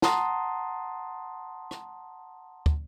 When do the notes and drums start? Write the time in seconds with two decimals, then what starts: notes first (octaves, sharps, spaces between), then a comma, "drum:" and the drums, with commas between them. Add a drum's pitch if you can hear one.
0.02 F#5 A5 A#5 C6 D#6, drum: snare
1.71 drum: rim click
2.66 drum: kick